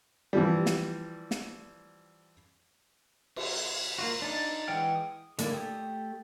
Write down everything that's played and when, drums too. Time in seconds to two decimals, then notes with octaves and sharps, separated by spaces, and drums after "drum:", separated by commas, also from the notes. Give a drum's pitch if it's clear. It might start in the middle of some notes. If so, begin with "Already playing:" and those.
0.33 E3 F3 G3
0.66 drum: snare
1.31 drum: snare
3.36 drum: cymbal
3.98 A#3 F4 F#4
4.22 D4 D#4
4.68 E3 G#3 F#5 G5 F6
4.95 D#6
5.39 D3 A3 A#3 D4 E4, drum: hi-hat
5.52 A3 G4 A4 D#6